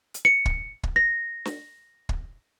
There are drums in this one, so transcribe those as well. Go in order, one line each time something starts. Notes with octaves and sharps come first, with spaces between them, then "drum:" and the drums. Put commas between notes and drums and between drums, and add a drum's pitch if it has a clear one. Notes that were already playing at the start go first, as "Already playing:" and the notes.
drum: hi-hat
C#7
drum: kick
drum: kick
A#6
drum: snare
drum: kick